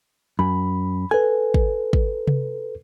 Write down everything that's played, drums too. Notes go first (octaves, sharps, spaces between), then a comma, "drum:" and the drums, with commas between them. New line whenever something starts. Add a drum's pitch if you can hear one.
F#2 B5
A4 B4 G#5
drum: kick
drum: kick
drum: tom C3